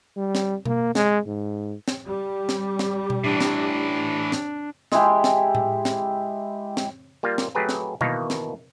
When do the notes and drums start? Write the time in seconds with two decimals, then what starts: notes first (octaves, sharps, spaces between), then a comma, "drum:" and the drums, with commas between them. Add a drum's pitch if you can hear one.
0.17 G3
0.35 drum: snare
0.65 A#3, drum: tom B2
0.95 G#3, drum: snare
1.26 G#2
1.88 drum: snare
2.07 G3 G4
2.49 drum: snare
2.79 drum: snare
3.10 drum: tom B2
3.24 A2 E3 D4
3.41 drum: snare
4.32 drum: snare
4.92 G#3 E4 G4, drum: snare
5.24 drum: snare
5.55 drum: tom A2
5.85 drum: snare
6.77 drum: snare
7.23 G3 A#3 F4 F5
7.38 drum: snare
7.55 F#3 A3 G4 G#4 B4 A#5
7.69 drum: snare
8.01 B2 D#3 E3 A#3 D#4 F5, drum: tom B2
8.30 drum: snare